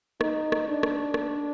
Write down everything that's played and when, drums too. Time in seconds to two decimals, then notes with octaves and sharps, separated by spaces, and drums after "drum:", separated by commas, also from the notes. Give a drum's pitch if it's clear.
0.21 D#4, drum: rim click
0.52 drum: rim click
0.68 D4
0.83 drum: rim click
1.14 drum: rim click